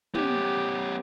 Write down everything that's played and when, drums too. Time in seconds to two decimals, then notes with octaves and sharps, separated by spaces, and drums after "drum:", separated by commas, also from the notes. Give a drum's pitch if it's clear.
0.15 B3 C#4 G4, drum: tom